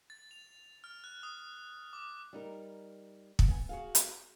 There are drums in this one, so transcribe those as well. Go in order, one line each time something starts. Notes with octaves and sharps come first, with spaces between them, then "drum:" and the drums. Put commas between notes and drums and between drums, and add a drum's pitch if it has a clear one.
A6
F7
F6
F#6
D#6
D6
G3 D#4 A#4
drum: kick
B3 G#5
F#4 G#4 F5
drum: hi-hat